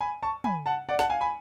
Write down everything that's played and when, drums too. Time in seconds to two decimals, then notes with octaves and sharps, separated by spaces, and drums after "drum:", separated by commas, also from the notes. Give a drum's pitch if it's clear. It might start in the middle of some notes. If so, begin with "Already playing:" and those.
0.01 G#5 B5
0.23 A5 C#6
0.44 G#5 B5, drum: tom
0.66 F#5 A5
0.89 D5 F#5
0.99 F#5 A5, drum: snare
1.10 F5 G#5
1.21 G#5 B5